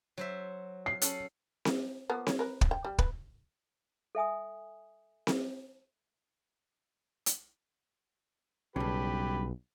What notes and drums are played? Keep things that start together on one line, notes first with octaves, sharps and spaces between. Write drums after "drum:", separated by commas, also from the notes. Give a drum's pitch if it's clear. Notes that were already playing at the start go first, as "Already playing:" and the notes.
F#3 C5 E5
C7
C#4 A4 F#5, drum: hi-hat
drum: snare C4
F3 A#3 B3
C#5, drum: snare C4
A#4 B4
drum: kick
G5
G3
B4, drum: kick
A4 E5 G#5 D#6
drum: snare C4
drum: hi-hat
B1 G2 C#3 G4 B4